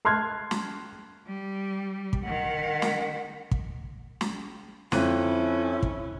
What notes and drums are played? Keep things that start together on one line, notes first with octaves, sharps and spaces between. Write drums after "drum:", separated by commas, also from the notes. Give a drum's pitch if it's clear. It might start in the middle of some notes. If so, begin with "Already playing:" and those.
A5 C6 F6 F#6 G#6
drum: snare
G3
drum: kick
D#3 F#5
drum: snare
drum: kick
drum: snare
F2 C#4 E4 F#6 D#7, drum: snare
drum: kick